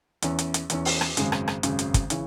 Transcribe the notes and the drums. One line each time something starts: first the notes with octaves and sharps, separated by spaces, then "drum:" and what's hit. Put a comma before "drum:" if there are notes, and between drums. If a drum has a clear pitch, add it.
E2 E3 C#4, drum: hi-hat
drum: hi-hat
drum: hi-hat
E2 E3 C#4, drum: hi-hat
drum: open hi-hat
drum: rim click
G#1 F#2 C#3 G#3, drum: hi-hat
drum: rim click
drum: rim click
G#1 F#2 C#3 G#3, drum: hi-hat
drum: hi-hat
drum: kick, hi-hat
C#3 E3 C#4 E4, drum: hi-hat